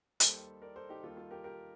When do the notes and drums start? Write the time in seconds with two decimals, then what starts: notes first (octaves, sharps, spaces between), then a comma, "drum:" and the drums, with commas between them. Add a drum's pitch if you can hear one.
0.20 D#2 D#3 G3 A4 C5, drum: hi-hat
0.62 A#4 D5
0.76 A4 C5
0.89 D#4 G4
1.03 D#2 D#3 G3 F4 A4
1.17 F4 A4
1.31 G4 A#4
1.44 G4 A#4